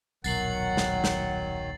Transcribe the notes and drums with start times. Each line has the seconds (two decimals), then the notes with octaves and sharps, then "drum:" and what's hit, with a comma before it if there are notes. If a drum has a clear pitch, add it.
0.24 D#1 B1 D#3 F#3 F#5 A6 C7 F#7, drum: tambourine
0.77 drum: snare
1.04 drum: snare